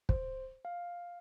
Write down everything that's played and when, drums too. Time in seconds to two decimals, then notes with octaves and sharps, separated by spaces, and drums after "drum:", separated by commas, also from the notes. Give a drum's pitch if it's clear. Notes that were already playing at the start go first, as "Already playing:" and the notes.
0.09 C5, drum: kick
0.65 F5